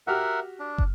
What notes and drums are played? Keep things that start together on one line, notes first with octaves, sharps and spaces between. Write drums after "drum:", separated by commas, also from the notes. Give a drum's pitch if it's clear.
F#4 G4 A#4 E5 F#5 F6
D4
drum: kick